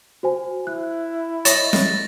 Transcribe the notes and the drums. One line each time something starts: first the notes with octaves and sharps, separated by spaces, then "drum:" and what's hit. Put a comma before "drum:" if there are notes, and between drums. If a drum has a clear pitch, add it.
F#4 C5 G#5
E4 F#6
C#5 D#5 A6 A#6 E7, drum: hi-hat
drum: snare